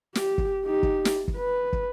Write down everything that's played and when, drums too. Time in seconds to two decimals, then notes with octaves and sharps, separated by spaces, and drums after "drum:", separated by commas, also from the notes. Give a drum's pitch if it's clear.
0.15 G4, drum: snare
0.38 drum: kick
0.65 D#4 G4
0.83 drum: kick
1.05 drum: snare
1.28 drum: kick
1.37 B4
1.73 drum: kick